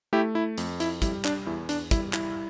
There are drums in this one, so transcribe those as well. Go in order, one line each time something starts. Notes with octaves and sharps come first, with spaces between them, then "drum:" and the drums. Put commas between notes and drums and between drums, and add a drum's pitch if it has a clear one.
A3 E4 G4
E4
F2, drum: hi-hat
E4, drum: hi-hat
G3 E4, drum: kick, hi-hat
D4, drum: clap
E2 E4
D4, drum: hi-hat
G3 E4, drum: kick, hi-hat
E4, drum: clap